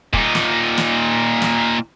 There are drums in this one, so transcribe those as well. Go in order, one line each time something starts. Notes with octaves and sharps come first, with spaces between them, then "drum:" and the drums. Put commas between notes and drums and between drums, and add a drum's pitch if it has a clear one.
A#2 D#4, drum: kick
drum: snare
drum: snare
drum: snare